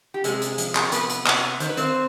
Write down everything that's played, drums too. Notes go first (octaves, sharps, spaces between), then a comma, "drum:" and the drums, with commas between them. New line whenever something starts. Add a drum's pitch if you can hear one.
G4
C3 G#3 G#4, drum: hi-hat
drum: hi-hat
F3, drum: hi-hat
drum: clap
C3 B3 B4, drum: hi-hat
drum: hi-hat
C3, drum: clap
D#3 C5, drum: hi-hat
B4
C4 C5, drum: hi-hat